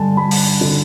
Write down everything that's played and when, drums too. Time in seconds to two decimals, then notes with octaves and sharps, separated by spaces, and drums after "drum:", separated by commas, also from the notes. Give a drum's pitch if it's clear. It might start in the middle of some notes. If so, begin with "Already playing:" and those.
Already playing: G2 D3 G#5 A5
0.17 G2 B5
0.31 drum: open hi-hat
0.61 D3